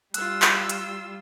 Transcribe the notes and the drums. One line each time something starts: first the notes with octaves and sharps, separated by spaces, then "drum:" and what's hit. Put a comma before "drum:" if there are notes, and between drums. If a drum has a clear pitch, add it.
G3 F4 E6 F#6, drum: hi-hat
drum: clap
drum: hi-hat